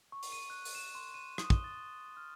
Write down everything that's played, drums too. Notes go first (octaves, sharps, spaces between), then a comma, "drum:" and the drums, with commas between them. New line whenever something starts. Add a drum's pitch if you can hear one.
C#6
drum: open hi-hat
D#7
F#6
drum: open hi-hat
E7
C6
D#7
D#6, drum: rim click
G7, drum: kick
A6
F6